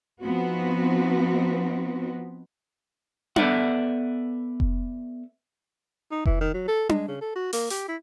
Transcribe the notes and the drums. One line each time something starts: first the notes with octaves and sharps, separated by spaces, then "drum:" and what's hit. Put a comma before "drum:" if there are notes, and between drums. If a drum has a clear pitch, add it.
F3 B3 C4 D#4 F#4 B4
B3 A4 B4 D5 E5 F#5, drum: tom D4
drum: kick F1
D#4
E3, drum: kick F1
D#3
F#3
A4
G#3, drum: tom D4
C#3
A4
F#4
A#3, drum: open hi-hat
G4, drum: hi-hat
E4